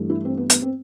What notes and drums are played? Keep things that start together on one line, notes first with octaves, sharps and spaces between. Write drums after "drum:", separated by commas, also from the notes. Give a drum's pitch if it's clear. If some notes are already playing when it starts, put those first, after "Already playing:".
Already playing: G2 E3 A3
E4
C4
B3
B3, drum: hi-hat
C4